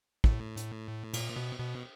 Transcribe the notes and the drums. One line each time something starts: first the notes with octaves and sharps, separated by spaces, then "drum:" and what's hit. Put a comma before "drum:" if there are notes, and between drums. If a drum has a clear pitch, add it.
A2, drum: kick
drum: hi-hat
A#2, drum: cymbal
B2
B2